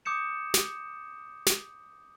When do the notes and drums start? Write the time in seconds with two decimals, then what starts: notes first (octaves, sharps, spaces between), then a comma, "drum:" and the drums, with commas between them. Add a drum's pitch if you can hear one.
0.05 D6 D#6 G6 C#7 E7
0.54 drum: snare
1.46 drum: snare